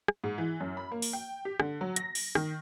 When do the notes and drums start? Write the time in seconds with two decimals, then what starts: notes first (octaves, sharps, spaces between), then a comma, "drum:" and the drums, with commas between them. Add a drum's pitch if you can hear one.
0.08 drum: rim click
0.24 G#2
0.38 E3
0.60 F#2
0.77 B5
0.91 A#3
1.02 drum: open hi-hat
1.13 G5
1.45 G4
1.60 D3, drum: rim click
1.81 F#3
1.96 A#6, drum: hi-hat
2.15 drum: open hi-hat
2.35 D#3, drum: rim click